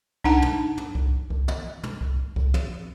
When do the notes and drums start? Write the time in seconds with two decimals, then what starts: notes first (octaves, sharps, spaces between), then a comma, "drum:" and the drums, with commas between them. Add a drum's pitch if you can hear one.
0.24 D4 D#4 F#5 A5, drum: kick C2
0.42 drum: tom
0.77 drum: tom
0.95 drum: kick C2
1.30 drum: kick C2
1.48 drum: tom
1.83 drum: tom
2.01 drum: kick C2
2.36 drum: kick C2
2.54 drum: tom